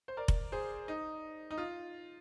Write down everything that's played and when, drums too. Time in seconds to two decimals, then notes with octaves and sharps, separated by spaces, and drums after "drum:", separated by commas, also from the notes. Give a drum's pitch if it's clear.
0.08 C5
0.17 A#4 D5
0.28 drum: kick F1
0.52 G#4 C5
0.88 D#4
1.51 D#4
1.58 F4